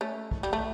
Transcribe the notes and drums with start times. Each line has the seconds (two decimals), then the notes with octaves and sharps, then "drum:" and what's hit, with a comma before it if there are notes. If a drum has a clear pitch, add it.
0.01 A3 C#4
0.31 drum: kick
0.43 G3
0.53 A3